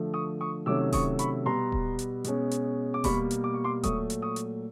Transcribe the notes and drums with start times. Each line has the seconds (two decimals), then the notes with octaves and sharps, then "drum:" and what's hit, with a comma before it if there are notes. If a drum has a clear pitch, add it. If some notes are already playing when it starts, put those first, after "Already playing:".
Already playing: D3 F3 A3
0.14 C#6 D#6
0.41 C#6 D#6
0.66 C3 D#3 F#3 A3 C#4 D6 E6
0.93 C#6 D#6, drum: kick D#1, open hi-hat
1.19 B5 C#6, drum: hi-hat
1.45 B2 G3 B3 A#5 C6
1.72 drum: kick D#1
1.99 drum: hi-hat
2.24 B2 G#3 C#4, drum: hi-hat
2.51 drum: hi-hat
2.94 D6
3.04 B2 G3 A#3 B5 C#6, drum: kick D#1, open hi-hat
3.31 drum: hi-hat
3.44 D6
3.54 C#6
3.64 C6 D6
3.83 A#2 F#3 A3 C#6 D#6, drum: kick D#1, hi-hat
4.10 drum: hi-hat
4.22 C#6 D#6
4.36 drum: hi-hat